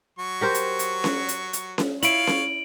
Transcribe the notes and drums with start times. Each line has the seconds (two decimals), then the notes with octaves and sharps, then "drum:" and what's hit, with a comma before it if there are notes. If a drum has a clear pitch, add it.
0.19 F#3 C#6
0.41 G4 A#4 C5
0.54 drum: hi-hat
0.79 drum: hi-hat
1.04 drum: snare C#4
1.29 drum: hi-hat
1.53 drum: hi-hat
1.78 drum: snare C#4
2.03 E4 F4 C#5 F5 D7 F#7, drum: hi-hat
2.27 drum: snare C#4